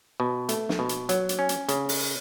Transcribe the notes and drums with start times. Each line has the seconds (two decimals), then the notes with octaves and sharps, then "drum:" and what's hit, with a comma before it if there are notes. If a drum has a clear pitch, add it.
0.20 B2
0.49 A3, drum: hi-hat
0.69 drum: snare
0.79 B2
0.89 drum: hi-hat
1.09 F#3, drum: hi-hat
1.29 drum: hi-hat
1.39 C#4
1.49 drum: hi-hat
1.69 C#3, drum: hi-hat
1.89 drum: open hi-hat